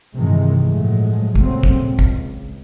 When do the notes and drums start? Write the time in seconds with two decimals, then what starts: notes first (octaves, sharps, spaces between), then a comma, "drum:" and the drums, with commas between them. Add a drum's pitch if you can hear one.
0.15 G2 C3 D#3 E3 G#3
0.64 A2 F3 F#3 G#3 A3
1.35 A#2 C#3 F#3 A3 C4, drum: kick
1.63 drum: kick
1.88 C#2
1.99 drum: kick